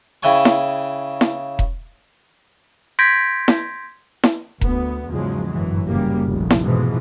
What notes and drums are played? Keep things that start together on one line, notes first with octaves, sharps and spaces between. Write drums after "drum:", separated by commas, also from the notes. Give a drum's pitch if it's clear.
C#3 E4 G5 G#5 C#6
drum: snare E4
drum: snare E4
drum: kick E1
C6 G6 G#6 A#6 B6 D7
drum: snare E4
drum: snare E4
D2 B3, drum: kick E1
E2 G#2 C#3 F3 F#3 G#3
G1 F#2 A2 E3 F#3
F#1 C#3 G3 A#3
F1 A#1
drum: snare E4
G#2 B2 E3 F3 G#3